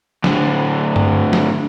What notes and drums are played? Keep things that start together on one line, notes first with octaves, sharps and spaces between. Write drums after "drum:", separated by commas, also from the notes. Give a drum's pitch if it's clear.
A2 D3, drum: snare
drum: tom G2
drum: snare